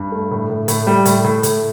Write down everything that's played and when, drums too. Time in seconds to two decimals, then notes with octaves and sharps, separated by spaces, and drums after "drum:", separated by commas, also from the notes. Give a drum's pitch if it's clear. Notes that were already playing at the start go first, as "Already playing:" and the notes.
Already playing: G2
0.12 A3
0.31 A2
0.50 A2
0.68 A2, drum: hi-hat
0.87 G3
1.05 A2, drum: hi-hat
1.24 A2
1.43 A2, drum: hi-hat